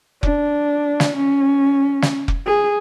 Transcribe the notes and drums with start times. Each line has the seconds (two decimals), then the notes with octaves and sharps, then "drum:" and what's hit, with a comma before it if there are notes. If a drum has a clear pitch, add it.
0.23 D4, drum: kick F1
1.00 drum: snare
1.16 C#4
2.02 drum: snare
2.28 drum: kick F1
2.46 G#4